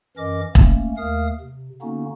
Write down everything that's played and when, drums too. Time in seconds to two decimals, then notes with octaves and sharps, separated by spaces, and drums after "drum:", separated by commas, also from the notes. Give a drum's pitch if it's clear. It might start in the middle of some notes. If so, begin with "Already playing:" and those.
0.17 F#2 E3 C#4 A#4 D#5 D6
0.55 A3 A#3 C#4, drum: kick E1
0.97 D#2 A3 A#4 F5 D#6 F6
1.40 C3
1.82 D3 A#3 B3 C#4 D#4 F#4